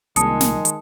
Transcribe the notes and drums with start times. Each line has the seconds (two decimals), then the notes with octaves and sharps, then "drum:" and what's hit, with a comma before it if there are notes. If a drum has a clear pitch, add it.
0.16 C2 A#2 D#3 G#3 A5 D#6 C#7, drum: hi-hat
0.40 drum: snare
0.65 drum: hi-hat